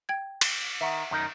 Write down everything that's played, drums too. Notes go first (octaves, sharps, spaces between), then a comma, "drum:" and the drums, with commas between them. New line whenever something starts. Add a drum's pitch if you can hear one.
G5 G#6
drum: cymbal
D#3 E5 F#5
F#2 D#3 D#4